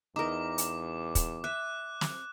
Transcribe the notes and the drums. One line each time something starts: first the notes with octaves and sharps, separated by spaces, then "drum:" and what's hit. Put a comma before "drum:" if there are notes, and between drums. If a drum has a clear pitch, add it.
E2 D#4 A#4 D6
drum: hi-hat
drum: kick, hi-hat
E5 F#6
drum: snare